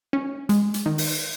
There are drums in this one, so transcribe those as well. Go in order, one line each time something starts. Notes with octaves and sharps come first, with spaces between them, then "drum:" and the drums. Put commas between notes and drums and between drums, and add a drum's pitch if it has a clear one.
C#4
G#3, drum: hi-hat
drum: hi-hat
D#3
drum: open hi-hat